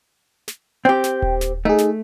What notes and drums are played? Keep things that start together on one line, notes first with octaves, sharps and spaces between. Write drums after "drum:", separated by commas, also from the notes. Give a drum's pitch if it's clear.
drum: snare
C4 G4 G5
drum: snare
drum: kick D#1
drum: snare
A3 D#4 G#4
drum: snare